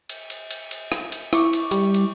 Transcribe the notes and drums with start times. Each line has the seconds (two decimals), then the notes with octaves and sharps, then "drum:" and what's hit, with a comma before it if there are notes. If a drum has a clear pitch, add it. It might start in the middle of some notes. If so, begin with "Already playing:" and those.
0.09 drum: cymbal
0.30 drum: cymbal
0.51 drum: cymbal
0.71 drum: cymbal
0.92 drum: rim click
1.12 drum: cymbal
1.33 E4 C#6 D6, drum: rim click
1.53 drum: cymbal
1.71 G3, drum: cymbal
1.94 drum: cymbal